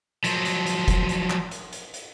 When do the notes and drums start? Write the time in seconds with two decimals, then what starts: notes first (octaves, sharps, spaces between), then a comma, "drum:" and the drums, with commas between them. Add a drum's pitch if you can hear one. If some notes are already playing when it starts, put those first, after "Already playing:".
0.24 F3 F#3, drum: hi-hat
0.45 drum: hi-hat
0.67 drum: hi-hat
0.88 drum: kick, hi-hat
1.09 drum: hi-hat
1.30 drum: clap
1.51 drum: hi-hat
1.73 drum: hi-hat
1.94 drum: hi-hat